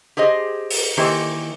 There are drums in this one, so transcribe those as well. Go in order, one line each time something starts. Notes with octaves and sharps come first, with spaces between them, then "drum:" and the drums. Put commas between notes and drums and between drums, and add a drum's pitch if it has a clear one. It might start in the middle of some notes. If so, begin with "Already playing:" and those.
G4 G#4 C5 D#5
drum: open hi-hat
D#3 E3 A#3 G4 C5